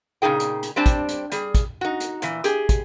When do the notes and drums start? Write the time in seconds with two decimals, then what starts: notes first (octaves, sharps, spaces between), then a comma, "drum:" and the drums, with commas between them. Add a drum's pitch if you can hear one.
0.22 A#2 C#3 D#4 G#4 G5
0.40 drum: hi-hat
0.63 drum: hi-hat
0.76 G3 C4 D4 A5
0.86 drum: kick, hi-hat
1.09 drum: hi-hat
1.32 G3 G#4, drum: hi-hat
1.55 drum: kick, hi-hat
1.81 D#4 F#4
2.00 drum: hi-hat
2.22 A#2 E3, drum: hi-hat
2.44 G4 G#4, drum: hi-hat
2.69 drum: kick, hi-hat